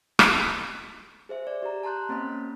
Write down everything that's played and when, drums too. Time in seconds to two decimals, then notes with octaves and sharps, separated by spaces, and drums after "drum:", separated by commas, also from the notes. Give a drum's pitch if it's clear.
0.19 drum: rim click
1.29 G#4 C5 E5
1.47 D5
1.62 G4 A#5
1.83 A5 A#5 C6 F#6 G6
2.09 A#3 C4 C#4 D#5 B5